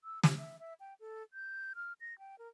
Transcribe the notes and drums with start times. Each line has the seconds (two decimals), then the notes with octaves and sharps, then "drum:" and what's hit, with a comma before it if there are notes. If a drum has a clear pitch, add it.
0.04 E6
0.23 G4, drum: snare
0.38 E5
0.59 E5
0.80 G5
1.00 A4
1.33 G6
1.76 F6
2.01 A#6
2.19 G5
2.39 A#4